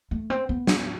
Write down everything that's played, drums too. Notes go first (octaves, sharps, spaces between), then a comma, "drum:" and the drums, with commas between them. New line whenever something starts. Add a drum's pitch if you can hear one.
A3
C4
B3
drum: snare